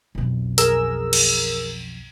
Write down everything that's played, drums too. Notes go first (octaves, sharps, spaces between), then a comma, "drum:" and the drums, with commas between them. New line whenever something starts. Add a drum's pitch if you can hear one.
B1 F2
G#4 A#4 E6, drum: hi-hat
drum: cymbal